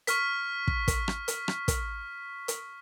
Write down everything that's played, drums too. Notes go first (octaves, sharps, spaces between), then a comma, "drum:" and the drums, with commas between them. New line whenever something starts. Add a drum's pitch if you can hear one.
C#6 F6 B6, drum: hi-hat
drum: kick
drum: kick, hi-hat
drum: rim click
drum: hi-hat
drum: rim click
drum: kick, hi-hat
drum: hi-hat